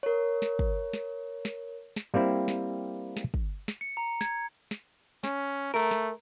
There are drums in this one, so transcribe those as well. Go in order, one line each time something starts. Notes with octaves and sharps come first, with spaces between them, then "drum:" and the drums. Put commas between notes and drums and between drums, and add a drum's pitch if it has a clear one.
A#4 C#5
drum: snare
drum: kick
drum: snare
drum: snare
drum: snare
G3 A#3 C4 E4
drum: snare
drum: snare
drum: kick
drum: snare
C#7
A#5
G#6, drum: snare
drum: snare
C#4, drum: snare
A3 A#4
drum: snare